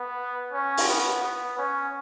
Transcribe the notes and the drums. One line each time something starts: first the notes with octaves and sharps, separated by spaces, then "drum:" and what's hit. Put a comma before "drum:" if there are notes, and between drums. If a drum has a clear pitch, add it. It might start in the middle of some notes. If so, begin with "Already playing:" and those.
Already playing: B3
C#4
drum: open hi-hat
B3
B3
C#4